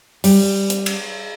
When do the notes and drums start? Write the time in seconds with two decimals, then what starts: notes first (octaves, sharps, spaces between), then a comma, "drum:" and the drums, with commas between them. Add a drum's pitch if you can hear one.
0.24 G3, drum: open hi-hat
0.70 drum: hi-hat
0.86 drum: cymbal